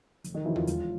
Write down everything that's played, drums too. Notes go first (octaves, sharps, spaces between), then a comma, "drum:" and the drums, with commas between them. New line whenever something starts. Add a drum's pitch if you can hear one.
F1, drum: hi-hat
D#3 D#4
F2 C#3 E3 F#3 E4
F3 F4, drum: tom E2
E1, drum: hi-hat